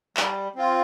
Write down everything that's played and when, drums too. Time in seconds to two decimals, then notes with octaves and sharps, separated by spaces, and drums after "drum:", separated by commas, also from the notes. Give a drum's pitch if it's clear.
0.17 G3, drum: clap
0.55 C4 F4